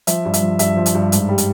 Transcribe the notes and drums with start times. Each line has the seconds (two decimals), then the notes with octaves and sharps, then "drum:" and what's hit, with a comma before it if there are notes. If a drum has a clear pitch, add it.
0.07 F3 E5, drum: hi-hat
0.25 G2
0.34 E5, drum: hi-hat
0.42 F3
0.59 G2 E5, drum: hi-hat
0.77 F3
0.86 drum: hi-hat
0.95 G2
1.12 G#2, drum: hi-hat
1.29 G3
1.38 drum: hi-hat